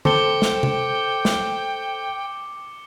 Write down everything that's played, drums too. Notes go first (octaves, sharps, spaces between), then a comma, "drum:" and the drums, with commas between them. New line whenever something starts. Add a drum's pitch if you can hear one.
A4 C5 G5 D6 C#7 G7, drum: tom D3
drum: snare
drum: tom C3
drum: snare